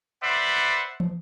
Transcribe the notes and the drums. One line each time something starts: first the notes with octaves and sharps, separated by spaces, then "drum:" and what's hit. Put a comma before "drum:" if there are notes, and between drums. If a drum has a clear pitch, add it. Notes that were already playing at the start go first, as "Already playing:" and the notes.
B4 C5 D5 E5 F#5
drum: tom